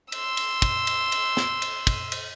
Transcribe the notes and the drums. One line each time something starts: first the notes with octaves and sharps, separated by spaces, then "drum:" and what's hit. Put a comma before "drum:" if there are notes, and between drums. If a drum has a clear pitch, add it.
C6 E6, drum: cymbal
drum: cymbal
drum: kick, cymbal
drum: cymbal
drum: cymbal
drum: snare
drum: cymbal
drum: kick, cymbal
drum: cymbal